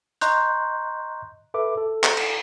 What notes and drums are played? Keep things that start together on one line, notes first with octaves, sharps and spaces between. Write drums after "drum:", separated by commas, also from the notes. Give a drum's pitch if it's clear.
D#5 A#5 C6 C#6 F#6 G6, drum: hi-hat
A4 B4 E5 D6
A4
drum: clap
drum: cymbal